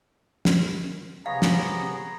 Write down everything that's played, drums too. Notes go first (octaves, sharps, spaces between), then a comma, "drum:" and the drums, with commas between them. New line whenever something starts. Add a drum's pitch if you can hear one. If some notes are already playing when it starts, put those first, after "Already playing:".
drum: snare
C3 B3 G#4 C#5 F5 A#5
drum: snare